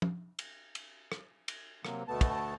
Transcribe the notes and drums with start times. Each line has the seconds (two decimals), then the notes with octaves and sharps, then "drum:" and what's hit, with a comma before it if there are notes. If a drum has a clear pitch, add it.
0.02 drum: tom
0.39 drum: cymbal
0.75 drum: cymbal
1.12 drum: rim click
1.48 drum: cymbal
1.85 C3 F#3 A#3, drum: rim click
2.08 D2 B2 A3 B3 A5
2.21 drum: kick, cymbal